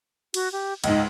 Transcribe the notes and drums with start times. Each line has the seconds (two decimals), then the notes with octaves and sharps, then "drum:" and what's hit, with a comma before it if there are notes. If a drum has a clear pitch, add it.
0.34 F#4, drum: cymbal
0.52 G4
0.84 C#2 G#2 D#5, drum: cymbal